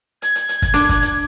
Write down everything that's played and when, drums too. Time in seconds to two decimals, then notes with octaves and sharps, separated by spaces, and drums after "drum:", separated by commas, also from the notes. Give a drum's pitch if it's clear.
0.22 G#6, drum: hi-hat
0.35 drum: hi-hat
0.49 drum: hi-hat
0.62 drum: kick, hi-hat
0.74 D4, drum: hi-hat
0.89 drum: kick, hi-hat
1.03 drum: hi-hat